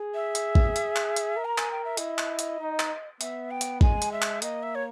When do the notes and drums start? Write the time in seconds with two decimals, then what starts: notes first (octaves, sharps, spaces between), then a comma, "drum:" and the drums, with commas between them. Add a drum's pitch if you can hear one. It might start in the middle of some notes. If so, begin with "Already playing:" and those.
Already playing: G#4
0.14 E5
0.35 drum: hi-hat
0.55 drum: kick A1
0.76 drum: hi-hat
0.96 drum: clap
1.16 drum: hi-hat
1.36 A#4
1.45 A#5
1.58 G#5, drum: clap
1.71 G5
1.85 E5
1.97 E4 D#5, drum: hi-hat
2.18 drum: clap
2.39 drum: hi-hat
2.59 D#4
2.79 drum: clap
3.21 B3 E5, drum: hi-hat
3.51 G5
3.61 drum: hi-hat
3.81 G#3 G#5, drum: kick A1
4.02 drum: hi-hat
4.12 E5
4.22 drum: clap
4.42 A#3 D#5, drum: hi-hat
4.63 E5
4.75 C#5